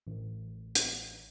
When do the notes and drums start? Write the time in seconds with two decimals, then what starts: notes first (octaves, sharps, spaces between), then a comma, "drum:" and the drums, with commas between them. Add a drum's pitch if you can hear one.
0.07 A1
0.75 drum: hi-hat